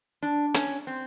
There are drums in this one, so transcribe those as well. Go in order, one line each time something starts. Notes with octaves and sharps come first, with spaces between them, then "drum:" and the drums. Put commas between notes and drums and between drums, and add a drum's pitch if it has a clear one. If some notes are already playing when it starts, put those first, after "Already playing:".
D4
C#4, drum: hi-hat
C4